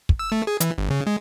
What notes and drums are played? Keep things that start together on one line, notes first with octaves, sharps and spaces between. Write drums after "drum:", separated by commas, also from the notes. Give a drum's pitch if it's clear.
drum: kick
E6
A3
G#4
E3, drum: hi-hat
G1
C#3
G#3